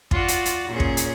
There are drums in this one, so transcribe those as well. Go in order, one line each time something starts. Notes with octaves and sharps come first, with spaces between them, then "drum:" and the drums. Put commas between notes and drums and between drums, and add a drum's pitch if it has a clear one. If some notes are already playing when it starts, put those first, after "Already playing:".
F4 F#4 D5, drum: kick
drum: hi-hat
drum: hi-hat
A#2 C#4 G#4
drum: kick
drum: hi-hat